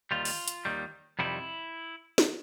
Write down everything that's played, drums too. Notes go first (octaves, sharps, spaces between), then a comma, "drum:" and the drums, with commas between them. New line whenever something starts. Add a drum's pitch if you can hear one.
D#2 D#3 G3 F4
drum: open hi-hat
drum: hi-hat
D#2 D#3 G3
F2 C3 D#3 G3 E4
drum: snare